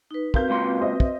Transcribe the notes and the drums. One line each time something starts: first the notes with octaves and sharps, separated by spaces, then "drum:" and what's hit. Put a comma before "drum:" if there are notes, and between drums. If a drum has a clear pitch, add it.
D#4 B4
C4 F#4 A#4 B4 F5 G6, drum: kick
C#2 A#2 C6
C5 D#5 E5
drum: kick